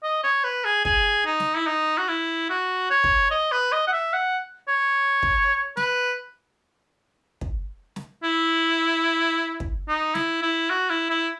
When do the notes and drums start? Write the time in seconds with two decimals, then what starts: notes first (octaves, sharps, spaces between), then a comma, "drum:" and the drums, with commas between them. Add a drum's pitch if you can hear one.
0.03 D#5
0.24 C#5
0.44 B4
0.65 G#4
0.85 G#4, drum: kick
1.26 D#4
1.40 drum: snare
1.57 E4
1.67 D#4
1.98 F#4
2.09 E4
2.50 F#4
2.90 C#5
3.04 drum: kick
3.31 D#5
3.52 B4
3.72 D#5
3.87 F#5
3.93 E5
4.13 F#5
4.68 C#5
5.23 drum: kick
5.77 B4, drum: snare
7.41 drum: kick
7.96 drum: snare
8.23 E4
9.60 drum: kick
9.88 D#4
10.15 E4, drum: snare
10.42 E4
10.70 F#4
10.90 E4
11.10 E4